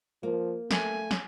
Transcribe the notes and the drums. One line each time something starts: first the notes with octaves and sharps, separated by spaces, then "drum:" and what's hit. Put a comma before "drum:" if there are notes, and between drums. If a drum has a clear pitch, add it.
F3 A#3
A3 G#5, drum: snare
drum: snare